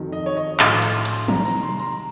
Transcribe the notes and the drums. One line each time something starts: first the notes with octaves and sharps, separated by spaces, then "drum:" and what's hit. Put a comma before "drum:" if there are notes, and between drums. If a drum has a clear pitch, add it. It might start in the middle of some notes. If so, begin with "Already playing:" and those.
Already playing: F2 D#3 F#3
D#5
C#5
D#5
A#1 A2 F#3 F5, drum: clap
drum: cymbal
C6
drum: cymbal
C2 C3 D#3 A#5, drum: tom
A#5
C6
A#5